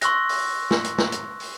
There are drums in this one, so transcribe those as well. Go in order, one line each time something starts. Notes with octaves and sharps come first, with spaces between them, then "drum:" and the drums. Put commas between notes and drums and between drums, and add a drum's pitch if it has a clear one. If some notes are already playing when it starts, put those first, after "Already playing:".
C6 C#6 E6 F#6 A#6, drum: hi-hat
drum: open hi-hat
drum: snare
drum: hi-hat
drum: snare
drum: hi-hat
drum: open hi-hat